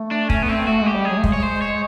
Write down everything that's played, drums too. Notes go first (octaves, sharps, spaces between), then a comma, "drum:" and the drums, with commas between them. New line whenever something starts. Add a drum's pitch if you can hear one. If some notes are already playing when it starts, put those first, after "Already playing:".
Already playing: A3
D4
C#4, drum: kick
B3
C4
A3 F#4
G#3 G4
G3
F#3 G#4
A3
G#3, drum: kick
C#5
C5
C#5